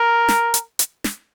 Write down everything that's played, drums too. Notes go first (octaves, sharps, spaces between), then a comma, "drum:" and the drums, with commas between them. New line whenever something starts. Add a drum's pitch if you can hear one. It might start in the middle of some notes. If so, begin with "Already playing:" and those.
Already playing: A#4
drum: snare
drum: hi-hat
drum: hi-hat
drum: snare